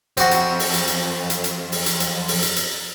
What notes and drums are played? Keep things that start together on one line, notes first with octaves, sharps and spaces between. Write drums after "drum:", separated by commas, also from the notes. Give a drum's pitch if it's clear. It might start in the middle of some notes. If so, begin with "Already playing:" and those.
F2 C4 F#4, drum: hi-hat
drum: hi-hat
drum: open hi-hat
drum: hi-hat
drum: hi-hat
drum: hi-hat
drum: hi-hat
drum: open hi-hat
drum: hi-hat
drum: hi-hat
drum: open hi-hat
drum: hi-hat
drum: hi-hat